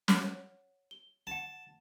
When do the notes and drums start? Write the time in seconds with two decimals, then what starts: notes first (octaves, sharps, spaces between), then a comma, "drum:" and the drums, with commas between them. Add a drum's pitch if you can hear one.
0.08 C#5 F#5, drum: snare
0.91 G7
1.27 F#5 A5 E7